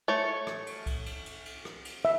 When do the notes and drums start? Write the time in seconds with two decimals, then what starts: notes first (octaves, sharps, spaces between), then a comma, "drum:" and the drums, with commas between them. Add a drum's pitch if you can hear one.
0.08 A3 C#5
0.47 drum: rim click
0.67 drum: cymbal
0.86 drum: kick C2, cymbal
1.06 drum: cymbal
1.26 drum: cymbal
1.46 drum: cymbal
1.65 drum: rim click
1.85 drum: cymbal
2.05 E5